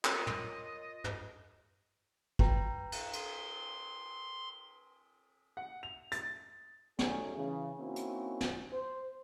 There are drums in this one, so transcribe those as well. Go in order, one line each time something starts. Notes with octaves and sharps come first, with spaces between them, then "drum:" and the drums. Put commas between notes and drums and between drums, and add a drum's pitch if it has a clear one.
F4 A#4 C#5 D#5, drum: clap
drum: tom
drum: tom
B4 G5 A#5, drum: kick
drum: cymbal
C6, drum: cymbal
F#5
F7
A6, drum: hi-hat
G3 A3 C#4 D#4 F#4 G#4, drum: snare
C#3 E3
A#3 C4 C#4 D#4 E4 F#4
drum: hi-hat
drum: snare
C5